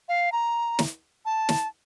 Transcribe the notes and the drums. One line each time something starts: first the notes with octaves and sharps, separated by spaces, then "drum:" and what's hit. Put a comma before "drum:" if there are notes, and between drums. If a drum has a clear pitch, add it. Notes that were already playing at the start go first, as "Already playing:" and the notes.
F5
A#5
drum: snare
A5
drum: snare